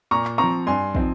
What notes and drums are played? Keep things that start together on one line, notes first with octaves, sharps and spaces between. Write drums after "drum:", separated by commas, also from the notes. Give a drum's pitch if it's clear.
A#2 A#5 C#6
drum: clap
F3 C4 A#5 C#6
G2 G#5 C6
F3 C4 D#4, drum: kick